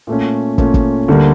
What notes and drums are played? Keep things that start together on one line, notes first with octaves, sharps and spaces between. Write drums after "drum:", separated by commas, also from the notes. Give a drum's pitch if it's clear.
A#2 A3 C#4
A#2 A3 C#4, drum: kick
drum: kick
D2 D3 G3 A#3